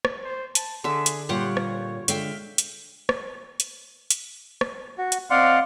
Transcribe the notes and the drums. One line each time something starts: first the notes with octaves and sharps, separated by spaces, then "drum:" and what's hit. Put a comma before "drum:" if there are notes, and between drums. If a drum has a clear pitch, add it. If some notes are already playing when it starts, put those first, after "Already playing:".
drum: rim click
C5
A5, drum: hi-hat
D3 G#4 E5
drum: hi-hat
A#2 G3 A#3 F4 G4 C#5 F#5
drum: rim click
D3 G#3 E5 F5 G5, drum: hi-hat
drum: hi-hat
drum: rim click
drum: hi-hat
drum: hi-hat
drum: rim click
F#4
drum: hi-hat
C4 D5 D#5 F5 F#5 C6